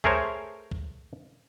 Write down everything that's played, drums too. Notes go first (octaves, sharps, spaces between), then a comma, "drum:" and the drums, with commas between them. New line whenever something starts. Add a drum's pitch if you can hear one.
A3 G#4 A#4 C5 C#5, drum: kick
drum: kick